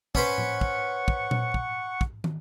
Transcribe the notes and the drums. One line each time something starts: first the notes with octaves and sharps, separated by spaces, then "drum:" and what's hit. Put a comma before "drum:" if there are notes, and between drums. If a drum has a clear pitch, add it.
C#4 B4 C5 F#5 C#6, drum: kick
drum: tom A2
drum: kick
drum: kick
drum: tom A#2
drum: kick
drum: kick
drum: tom